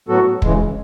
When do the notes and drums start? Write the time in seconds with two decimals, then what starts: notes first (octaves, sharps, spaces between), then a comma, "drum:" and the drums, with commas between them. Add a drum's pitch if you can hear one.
0.08 A2 F#3 B3 F#4 A4
0.42 C#3 E3 G#3, drum: kick